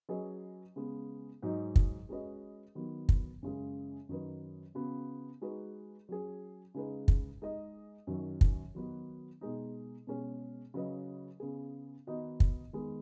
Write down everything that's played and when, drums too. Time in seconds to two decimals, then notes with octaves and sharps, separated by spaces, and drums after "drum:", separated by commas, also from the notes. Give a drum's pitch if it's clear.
0.09 F#3 C#4 G#4 B4 D#5
0.76 C#3 G#3 B3
1.42 G#2 F#3 D#4 F#4 D#5
1.76 drum: kick
2.09 G#3 C#4 F#4 B4 D#5
2.75 D#3 F#3 B3
3.09 drum: kick
3.43 F#2 C#3 G#3
4.09 F#2 D#3 F#3 D#4 B4
4.75 C#3 B3 F#4
5.42 G#3 D#4 F#4 B4
6.09 F#3 C#4 G#4
6.74 C#3 G#3 D#4 G#4 B4
7.08 drum: kick
7.42 G#3 D#4 G#4 D#5
8.07 F#2 D#3 F#3
8.41 drum: kick
8.75 D#3 F#3 B3 D#4 F#4
9.41 B2 G#3 D#4
10.07 B2 G#3 C#4 G#4
10.74 C#3 F#3 C#4 B4 D#5
11.40 C#3 B3 G#4
12.07 D#3 B3 D#4 F#4 D#5
12.40 drum: kick
12.73 D#3 G#3 B3